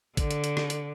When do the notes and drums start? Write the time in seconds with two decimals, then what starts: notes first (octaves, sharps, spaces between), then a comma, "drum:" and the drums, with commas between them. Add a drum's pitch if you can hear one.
0.17 D3, drum: kick A1, hi-hat
0.31 drum: hi-hat
0.44 drum: hi-hat
0.57 drum: rim click
0.70 drum: hi-hat